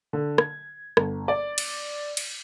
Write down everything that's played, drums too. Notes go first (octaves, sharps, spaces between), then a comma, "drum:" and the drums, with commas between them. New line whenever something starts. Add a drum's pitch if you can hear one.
D3
G#6, drum: rim click
G1, drum: rim click
D5
drum: cymbal
drum: cymbal